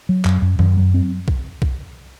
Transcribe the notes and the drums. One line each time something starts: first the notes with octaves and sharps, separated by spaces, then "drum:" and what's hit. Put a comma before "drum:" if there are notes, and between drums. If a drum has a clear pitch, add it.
F#3
F#2, drum: clap
F#2
F#2, drum: tom D#3
F#3
C4
drum: kick B1
drum: kick B1